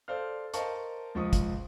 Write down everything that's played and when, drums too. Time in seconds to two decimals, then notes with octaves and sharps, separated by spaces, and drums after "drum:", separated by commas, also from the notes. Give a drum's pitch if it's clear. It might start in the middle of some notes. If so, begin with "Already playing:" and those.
0.08 A4 C5 D5 F5 F6
0.54 A#4 C5 D#5 F5 A5 C#6, drum: hi-hat
1.15 C#2 F3 C#6 D#6
1.33 drum: kick, hi-hat